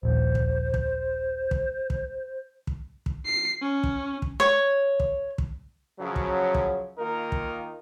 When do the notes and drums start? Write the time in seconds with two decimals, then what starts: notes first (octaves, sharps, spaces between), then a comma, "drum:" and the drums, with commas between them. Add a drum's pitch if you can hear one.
0.03 D#1 A#1 D#2 C5
0.35 drum: kick
0.74 drum: kick
1.51 drum: kick
1.90 drum: kick
2.67 drum: kick
3.06 drum: kick
3.25 C7
3.62 C#4
3.83 drum: kick
4.22 drum: kick
4.40 C#5
5.00 drum: kick
5.38 drum: kick
5.99 F#2 C#3 F3 F#3
6.16 drum: kick
6.54 drum: kick
6.98 D#3 A#3 D#4 F4 A#4
7.32 drum: kick